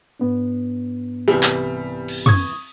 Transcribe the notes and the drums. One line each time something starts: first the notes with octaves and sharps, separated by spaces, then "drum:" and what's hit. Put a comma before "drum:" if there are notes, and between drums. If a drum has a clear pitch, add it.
G#2 B3 D4
C2 E3 G3
drum: clap
drum: cymbal
C#6 D#6 G#6, drum: tom